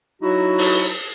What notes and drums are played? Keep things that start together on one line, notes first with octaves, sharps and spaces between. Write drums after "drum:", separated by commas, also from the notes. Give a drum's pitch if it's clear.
F#3 D#4 E4 F#4
drum: open hi-hat